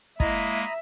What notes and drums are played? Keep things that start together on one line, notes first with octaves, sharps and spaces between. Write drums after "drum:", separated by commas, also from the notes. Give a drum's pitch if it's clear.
G#3 A#3 E4 D#5 E5 A#5 B5 D#6, drum: kick